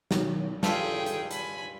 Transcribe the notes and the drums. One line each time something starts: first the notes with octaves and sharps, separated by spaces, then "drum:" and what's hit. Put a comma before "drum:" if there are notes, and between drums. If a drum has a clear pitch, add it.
B2 D#3 F#3, drum: snare
G2 F4 G#4 A4 E5 G5, drum: snare
drum: hi-hat
G#5 B5, drum: hi-hat